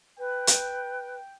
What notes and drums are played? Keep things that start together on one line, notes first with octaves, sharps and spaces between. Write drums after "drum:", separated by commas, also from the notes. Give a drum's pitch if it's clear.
B4 G5
drum: hi-hat